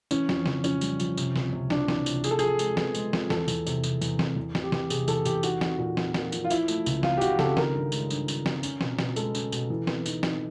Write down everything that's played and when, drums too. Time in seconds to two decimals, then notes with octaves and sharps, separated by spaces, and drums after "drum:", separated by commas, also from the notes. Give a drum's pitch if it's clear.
0.11 E3 C#4, drum: tambourine
0.29 F2, drum: snare
0.46 C#3, drum: snare
0.64 F2 C#4, drum: tambourine
0.81 G3, drum: tambourine
1.00 F2, drum: tambourine
1.17 C3, drum: tambourine
1.36 C#2, drum: snare
1.53 C3
1.70 C#2 D4, drum: snare
1.88 E3, drum: snare
2.06 C3, drum: tambourine
2.24 F3 G#4, drum: tambourine
2.31 A4
2.39 F3 G#4, drum: tambourine
2.59 G#3, drum: tambourine
2.77 B3, drum: snare
2.95 G#3, drum: tambourine
3.13 F3, drum: snare
3.30 E2 A4, drum: snare
3.48 E2, drum: tambourine
3.67 C3, drum: tambourine
3.84 C3, drum: tambourine
4.01 E2, drum: tambourine
4.19 E2, drum: snare
4.36 E2
4.55 E2, drum: snare
4.63 G4
4.72 E2, drum: snare
4.90 C3 G#4, drum: tambourine
5.08 E2 A4, drum: tambourine
5.25 E2 G4, drum: tambourine
5.43 D#4 F#4, drum: tambourine
5.61 D#4, drum: snare
5.79 A#2
5.97 D#4, drum: snare
6.14 A#3, drum: snare
6.32 F3, drum: tambourine
6.44 F4
6.50 F3 E4, drum: tambourine
6.68 A3, drum: tambourine
6.86 C#2, drum: tambourine
7.03 F3 F4, drum: snare
7.17 G4
7.21 C#3 F#4, drum: tambourine
7.39 C#3 A4, drum: snare
7.57 D#3 A#4, drum: snare
7.74 G2
7.92 G#3, drum: tambourine
8.10 G2, drum: tambourine
8.28 G2, drum: tambourine
8.46 D#3, drum: snare
8.63 C#4, drum: tambourine
8.81 B2, drum: snare
8.99 B2, drum: snare
9.16 G#3 A4, drum: tambourine
9.35 C#4, drum: tambourine
9.52 B2, drum: tambourine
9.70 E3
9.87 B3, drum: snare
10.06 D#4, drum: tambourine
10.23 D#4, drum: snare